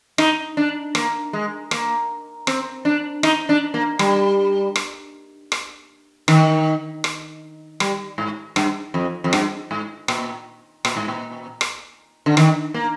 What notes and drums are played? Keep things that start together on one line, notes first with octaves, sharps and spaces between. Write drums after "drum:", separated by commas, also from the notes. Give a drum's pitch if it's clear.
D#4, drum: rim click
D4
A#3, drum: rim click
G#3
A#3, drum: rim click
C4, drum: rim click
D4
D#4, drum: rim click
D4
A#3
G3, drum: rim click
drum: rim click
drum: rim click
D#3, drum: rim click
drum: rim click
G3, drum: rim click
G#2
G2, drum: rim click
F2
F2
G2, drum: rim click
G#2
A#2, drum: rim click
A#2, drum: rim click
G#2
A#2
drum: rim click
D3
D#3, drum: rim click
A#3